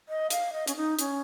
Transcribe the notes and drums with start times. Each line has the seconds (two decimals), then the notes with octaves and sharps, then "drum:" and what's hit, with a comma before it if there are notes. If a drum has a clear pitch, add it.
0.09 D#5
0.30 F5, drum: hi-hat
0.53 D#5
0.68 C#4, drum: hi-hat
0.76 D#4
0.99 C#4, drum: hi-hat